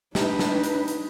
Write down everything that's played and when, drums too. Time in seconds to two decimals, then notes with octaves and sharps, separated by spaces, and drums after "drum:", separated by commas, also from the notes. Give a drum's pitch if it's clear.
0.15 D4 D#4 G4 B4, drum: snare
0.39 drum: snare
0.64 drum: hi-hat
0.88 drum: hi-hat